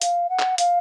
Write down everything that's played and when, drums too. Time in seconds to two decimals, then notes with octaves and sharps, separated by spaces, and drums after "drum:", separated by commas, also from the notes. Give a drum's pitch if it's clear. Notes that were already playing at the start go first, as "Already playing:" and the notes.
0.02 F5, drum: hi-hat
0.29 F#5
0.39 drum: clap
0.58 F5, drum: hi-hat